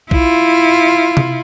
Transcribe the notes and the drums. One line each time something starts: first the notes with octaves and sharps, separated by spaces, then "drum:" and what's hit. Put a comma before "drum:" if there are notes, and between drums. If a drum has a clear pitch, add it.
E4 F4, drum: kick B1
drum: tom C3